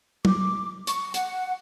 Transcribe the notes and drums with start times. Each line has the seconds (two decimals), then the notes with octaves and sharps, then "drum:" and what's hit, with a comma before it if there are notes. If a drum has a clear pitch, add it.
0.25 D6, drum: tom
0.87 C#6, drum: hi-hat
1.14 F#5, drum: hi-hat